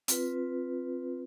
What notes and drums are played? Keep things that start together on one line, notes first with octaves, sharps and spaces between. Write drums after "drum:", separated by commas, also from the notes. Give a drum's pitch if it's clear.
C4 F4 B4, drum: hi-hat